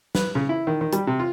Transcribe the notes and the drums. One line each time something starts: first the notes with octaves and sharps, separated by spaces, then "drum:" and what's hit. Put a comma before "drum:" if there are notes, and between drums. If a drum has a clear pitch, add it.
B4, drum: snare
C#3
E4
D#3
D#3
G3, drum: hi-hat
C3
F4